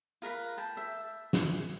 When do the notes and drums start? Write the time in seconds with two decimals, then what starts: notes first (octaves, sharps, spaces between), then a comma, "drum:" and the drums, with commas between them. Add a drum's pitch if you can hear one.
0.22 F4 A#4 B4 B5
0.57 G5 A5
0.77 E5
1.33 drum: snare